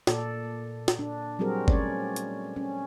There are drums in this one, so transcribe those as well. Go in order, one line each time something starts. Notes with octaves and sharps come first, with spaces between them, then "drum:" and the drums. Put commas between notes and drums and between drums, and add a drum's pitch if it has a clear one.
A#2 A4 D5, drum: snare
drum: snare
D4
F#3 G3 C4 F#4 G#4 A#4
A3 C#4 A#4 C#5 D5, drum: kick G1
drum: hi-hat
C#4